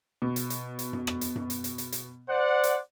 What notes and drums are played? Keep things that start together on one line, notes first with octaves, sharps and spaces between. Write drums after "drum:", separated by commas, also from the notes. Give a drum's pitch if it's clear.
B2
drum: hi-hat
drum: hi-hat
drum: hi-hat
drum: tom F#2
drum: rim click
drum: hi-hat
drum: tom F#2
drum: hi-hat
drum: hi-hat
drum: hi-hat
drum: hi-hat
C5 D5 F#5
drum: hi-hat